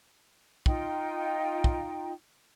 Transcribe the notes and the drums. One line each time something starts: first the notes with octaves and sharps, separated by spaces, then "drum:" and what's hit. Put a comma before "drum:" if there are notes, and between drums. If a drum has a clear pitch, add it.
D#4 F4 G5, drum: kick
drum: kick